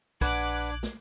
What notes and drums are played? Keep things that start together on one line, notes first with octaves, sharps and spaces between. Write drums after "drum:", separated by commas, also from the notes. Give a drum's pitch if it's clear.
A#1 D4 B4 F#5 D6 F#6 G#6, drum: kick
drum: snare